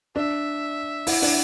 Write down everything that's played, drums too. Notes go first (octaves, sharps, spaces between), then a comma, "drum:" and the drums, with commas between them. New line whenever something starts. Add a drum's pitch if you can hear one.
D4 E5
E4 F#5, drum: open hi-hat
D4, drum: open hi-hat